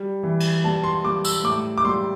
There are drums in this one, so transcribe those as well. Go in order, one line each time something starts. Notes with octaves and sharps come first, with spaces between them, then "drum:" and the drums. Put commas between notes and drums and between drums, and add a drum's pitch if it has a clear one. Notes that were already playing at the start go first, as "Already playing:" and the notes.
Already playing: G3
E3
drum: cymbal
G3 A5
C6
G3 D6
E6, drum: tambourine
A2 D6
D6
G3 C6